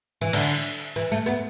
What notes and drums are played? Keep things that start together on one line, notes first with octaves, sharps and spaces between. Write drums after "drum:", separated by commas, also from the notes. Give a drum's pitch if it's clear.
E3
D3, drum: cymbal
E3
A3
B3